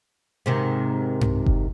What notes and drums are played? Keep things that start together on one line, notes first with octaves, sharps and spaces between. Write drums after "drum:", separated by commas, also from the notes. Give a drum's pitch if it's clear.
G#2 C3 D#3
drum: tom G2
drum: kick F#1